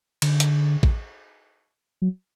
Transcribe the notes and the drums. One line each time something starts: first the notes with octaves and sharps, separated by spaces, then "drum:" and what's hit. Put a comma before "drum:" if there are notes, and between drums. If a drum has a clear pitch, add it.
D3, drum: cymbal
drum: hi-hat
drum: kick A1
F#3